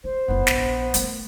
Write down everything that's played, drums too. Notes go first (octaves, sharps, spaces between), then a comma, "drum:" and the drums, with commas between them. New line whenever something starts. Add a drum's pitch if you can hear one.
F4 C5
F#1 B3 E4
A#1, drum: snare
A3 A#3, drum: hi-hat